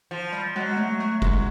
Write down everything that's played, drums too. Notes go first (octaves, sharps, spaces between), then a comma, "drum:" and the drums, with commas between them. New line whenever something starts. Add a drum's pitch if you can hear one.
F3
G3
F#3 G#3
A3
A3
G#3, drum: kick F1